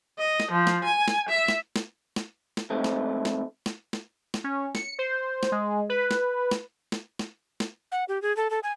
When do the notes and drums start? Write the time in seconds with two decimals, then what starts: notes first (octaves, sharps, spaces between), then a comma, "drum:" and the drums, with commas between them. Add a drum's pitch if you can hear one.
0.19 D#5
0.40 drum: snare
0.51 F3
0.67 drum: snare
0.84 G#5
1.08 drum: snare
1.29 E5
1.48 drum: snare
1.76 drum: snare
2.16 drum: snare
2.57 drum: snare
2.70 F2 G#2 A3 C4
2.84 drum: snare
3.25 drum: snare
3.66 drum: snare
3.93 drum: snare
4.34 drum: snare
4.44 C#4
4.75 C#7, drum: snare
4.99 C5
5.43 drum: snare
5.52 G#3
5.90 B4
6.11 drum: snare
6.51 drum: snare
6.92 drum: snare
7.19 drum: snare
7.60 drum: snare
7.92 F#5
8.08 G4
8.22 G#4
8.37 A4
8.50 A4
8.63 G#5